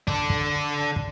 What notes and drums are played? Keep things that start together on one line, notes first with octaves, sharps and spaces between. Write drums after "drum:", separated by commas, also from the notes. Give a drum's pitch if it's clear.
D4 A4, drum: kick
drum: kick
drum: kick